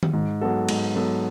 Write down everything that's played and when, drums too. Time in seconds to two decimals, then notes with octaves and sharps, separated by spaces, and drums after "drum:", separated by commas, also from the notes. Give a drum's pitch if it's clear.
0.03 drum: tom D#3
0.13 G#2
0.41 F#3 B3 F#4 A4
0.69 G#2, drum: cymbal
0.95 F#3 B3 F#4 A4